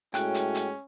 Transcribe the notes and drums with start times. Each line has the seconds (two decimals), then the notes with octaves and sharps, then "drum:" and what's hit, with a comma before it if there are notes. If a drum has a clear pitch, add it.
0.14 A2 G#3 C#4 F#4 G5 F#6, drum: hi-hat
0.34 drum: hi-hat
0.55 drum: hi-hat